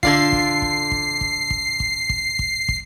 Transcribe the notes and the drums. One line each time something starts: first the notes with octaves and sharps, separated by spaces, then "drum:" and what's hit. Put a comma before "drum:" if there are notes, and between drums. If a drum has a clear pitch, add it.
D3 D4 F4 C7, drum: kick
drum: kick
drum: kick
drum: kick
drum: kick
drum: kick
drum: kick
drum: kick
drum: kick
drum: kick